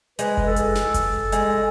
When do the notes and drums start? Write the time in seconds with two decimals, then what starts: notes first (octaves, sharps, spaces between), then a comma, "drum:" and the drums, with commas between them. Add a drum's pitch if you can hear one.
0.19 G#3 B4, drum: hi-hat
0.37 drum: kick F#1
0.47 A4
0.56 drum: hi-hat
0.75 drum: snare
0.94 drum: kick F#1, hi-hat
1.32 G#3, drum: hi-hat